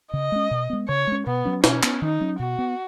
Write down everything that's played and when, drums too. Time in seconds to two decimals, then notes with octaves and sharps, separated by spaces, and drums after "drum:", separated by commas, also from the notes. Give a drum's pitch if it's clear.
0.13 C#3 D#5
0.32 G#3 C#4
0.51 B2
0.70 G#3 B3
0.88 C#3 C#5
1.07 G#3 C#4
1.27 B2 B3
1.45 F#3 C#4
1.64 B2 C#4, drum: snare
1.83 B3, drum: clap
2.02 D#3 D#4
2.21 F#3 C#4
2.39 B2 F#4
2.58 B3